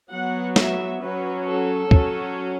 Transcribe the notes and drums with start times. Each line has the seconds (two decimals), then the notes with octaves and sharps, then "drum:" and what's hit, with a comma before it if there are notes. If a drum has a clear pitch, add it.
0.11 F#3 B3 F#5
0.56 E5, drum: snare
1.01 F#3 C#4 B4
1.46 A4
1.91 F#3 C#4, drum: kick